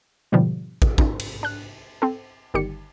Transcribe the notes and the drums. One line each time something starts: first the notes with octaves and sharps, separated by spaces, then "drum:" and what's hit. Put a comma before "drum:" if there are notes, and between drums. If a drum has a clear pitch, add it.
G#2 B2 D3 F3 G3
drum: kick
C#4 D#4 F4, drum: kick
drum: cymbal
D4 F#6
C4 A4
G1 D#3 G3 G4 C#7